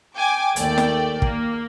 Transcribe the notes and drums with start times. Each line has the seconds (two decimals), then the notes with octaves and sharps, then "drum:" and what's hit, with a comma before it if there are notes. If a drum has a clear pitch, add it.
0.15 G5 G#5 D6
0.56 D#2 A3 D5 G5, drum: hi-hat
0.78 drum: snare
1.22 A#3, drum: kick